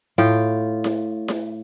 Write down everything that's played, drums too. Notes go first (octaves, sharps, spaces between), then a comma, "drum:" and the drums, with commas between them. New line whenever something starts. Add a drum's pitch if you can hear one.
A2 F4 G5
drum: snare E4
drum: snare E4